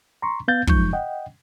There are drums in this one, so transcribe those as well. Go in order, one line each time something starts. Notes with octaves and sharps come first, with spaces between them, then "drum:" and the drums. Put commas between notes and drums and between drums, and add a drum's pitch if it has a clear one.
A#5 C6 C#6
B3 F5 G6 A6
F#2 F3 G#3 D#4 C#6 G6, drum: kick
D#5 F#5 G5